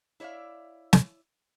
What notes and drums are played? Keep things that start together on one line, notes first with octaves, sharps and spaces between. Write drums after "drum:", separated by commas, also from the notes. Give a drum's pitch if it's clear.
E4 C#5 D5 E5 F5
drum: snare